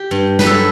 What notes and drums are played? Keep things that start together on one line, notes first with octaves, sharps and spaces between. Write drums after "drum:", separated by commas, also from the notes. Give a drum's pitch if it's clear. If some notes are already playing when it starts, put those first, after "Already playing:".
Already playing: G4
G2
B4, drum: snare
F#3 A4